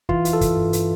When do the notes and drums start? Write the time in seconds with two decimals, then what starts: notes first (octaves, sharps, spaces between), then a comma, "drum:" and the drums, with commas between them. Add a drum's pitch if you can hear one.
0.09 E3 F4, drum: kick
0.25 E3, drum: hi-hat
0.33 A4
0.41 G2, drum: kick, hi-hat
0.57 G2
0.73 E3, drum: hi-hat